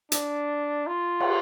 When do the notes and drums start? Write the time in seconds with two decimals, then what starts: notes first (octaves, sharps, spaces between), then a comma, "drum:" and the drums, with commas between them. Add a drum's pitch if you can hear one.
0.12 D4, drum: hi-hat
0.87 F4
1.20 drum: cymbal